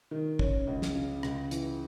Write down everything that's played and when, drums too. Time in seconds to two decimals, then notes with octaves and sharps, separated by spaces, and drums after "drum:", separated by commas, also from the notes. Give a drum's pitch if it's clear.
0.11 D#3
0.39 C#4, drum: kick
0.67 C#2
0.82 drum: snare
0.95 C#3
1.23 C#2, drum: rim click
1.51 E3, drum: hi-hat